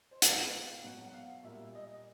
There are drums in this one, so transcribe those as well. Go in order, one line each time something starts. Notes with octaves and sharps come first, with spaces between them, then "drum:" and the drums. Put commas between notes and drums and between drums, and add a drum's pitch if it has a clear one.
C5
B2 G#3 B3 B4, drum: hi-hat
B4
F5
B2 F#3 B3 F#5
F#5
F5
A#2 G3 A#3 E5
D#5